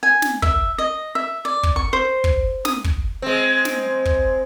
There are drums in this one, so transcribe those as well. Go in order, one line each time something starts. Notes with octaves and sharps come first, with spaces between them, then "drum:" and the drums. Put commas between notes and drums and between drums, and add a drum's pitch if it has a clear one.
G#5
drum: snare
E5, drum: kick
D#5
E5
D5
drum: kick
C#6
C5
drum: kick
D#6, drum: snare
drum: kick
G#3 C4
drum: snare
drum: kick